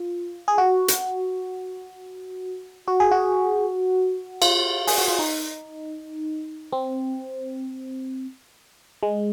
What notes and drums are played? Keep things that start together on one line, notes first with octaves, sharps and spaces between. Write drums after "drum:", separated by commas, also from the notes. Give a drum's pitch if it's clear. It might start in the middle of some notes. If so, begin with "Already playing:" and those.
Already playing: F4
G#4
F#4
drum: hi-hat
F#4
G#4
F#4
F4, drum: cymbal
G#4, drum: open hi-hat
F#4
F4
D#4
C4
G#3